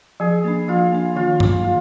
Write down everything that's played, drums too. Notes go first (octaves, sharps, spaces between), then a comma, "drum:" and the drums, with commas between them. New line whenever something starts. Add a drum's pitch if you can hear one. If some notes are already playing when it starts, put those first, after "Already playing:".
F3 G#4
A#3 D4
F3 F4
A#3 D4
D#3 F4
F#3 A#3, drum: tom G2
D#3 F4